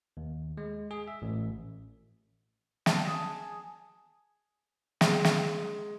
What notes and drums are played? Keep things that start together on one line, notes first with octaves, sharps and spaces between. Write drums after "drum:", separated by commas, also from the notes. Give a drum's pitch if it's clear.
D#2
G#3
G#4
E5
A1
A5, drum: snare
G#4
G#3, drum: snare
drum: snare